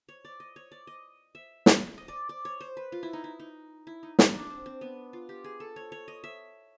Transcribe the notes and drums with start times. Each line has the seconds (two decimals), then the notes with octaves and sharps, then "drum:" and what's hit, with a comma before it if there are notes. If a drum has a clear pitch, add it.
0.09 C#5
0.25 D5
0.40 D#5
0.56 C#5
0.72 D5
0.87 D#5
1.35 E5
1.66 drum: snare
1.98 D#5
2.08 D5
2.29 D5
2.45 C#5
2.61 C5
2.77 B4
2.92 F4
3.03 E4
3.13 D#4
3.24 E4
3.40 D#4
3.87 E4
4.03 D#4
4.19 D#4, drum: snare
4.34 D4
4.50 C4
4.66 C4
4.81 B3
5.13 F4
5.29 G4
5.44 G#4
5.60 A4
5.76 C#5
5.92 C#5
6.08 D#5
6.24 E5